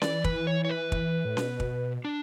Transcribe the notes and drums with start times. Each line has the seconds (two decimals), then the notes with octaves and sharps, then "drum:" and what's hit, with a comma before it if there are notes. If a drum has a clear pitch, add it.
0.02 E3 D5, drum: snare C#4
0.24 B4, drum: kick
0.47 C#5
0.65 C#5
0.70 B4
0.92 drum: kick
1.25 A2
1.37 B2, drum: snare C#4
1.60 drum: kick
2.05 D4